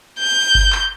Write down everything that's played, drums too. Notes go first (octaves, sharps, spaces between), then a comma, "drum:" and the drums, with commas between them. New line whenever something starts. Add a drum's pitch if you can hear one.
G6
drum: kick G1
drum: clap